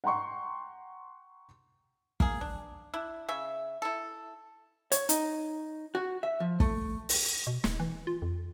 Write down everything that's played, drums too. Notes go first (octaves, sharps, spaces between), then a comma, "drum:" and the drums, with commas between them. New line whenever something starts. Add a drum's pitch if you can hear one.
F#5 G5 A#5 C6 C#6
A#3 G#4, drum: kick
D4
D4 E4
C#3 E5
E4 A4
C#5, drum: hi-hat
D#4, drum: hi-hat
F#4
E5
F3
A3, drum: kick
drum: open hi-hat
B2
D#1, drum: snare
E3
F4
F2